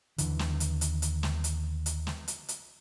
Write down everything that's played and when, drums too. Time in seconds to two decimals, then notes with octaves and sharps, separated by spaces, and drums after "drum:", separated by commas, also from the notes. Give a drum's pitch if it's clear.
0.18 D#2 D3 E3, drum: hi-hat
0.39 drum: snare
0.60 drum: hi-hat
0.81 drum: hi-hat
1.02 drum: hi-hat
1.23 drum: snare
1.44 drum: hi-hat
1.86 drum: hi-hat
2.07 drum: snare
2.28 drum: hi-hat
2.49 drum: hi-hat